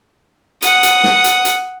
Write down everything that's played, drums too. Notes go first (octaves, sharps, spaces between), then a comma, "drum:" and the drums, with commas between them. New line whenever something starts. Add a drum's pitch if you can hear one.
F#5 D#6, drum: hi-hat
drum: hi-hat
drum: snare
drum: hi-hat
drum: hi-hat